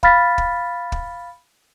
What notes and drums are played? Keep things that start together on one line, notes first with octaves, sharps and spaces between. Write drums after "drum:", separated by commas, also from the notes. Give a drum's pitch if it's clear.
F5 B5 F6 A6 B6, drum: kick
drum: kick
drum: kick